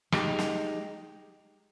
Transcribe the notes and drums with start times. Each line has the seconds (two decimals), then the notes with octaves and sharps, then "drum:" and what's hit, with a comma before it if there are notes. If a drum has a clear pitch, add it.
0.12 G#3 D#4 G4, drum: rim click
0.39 drum: snare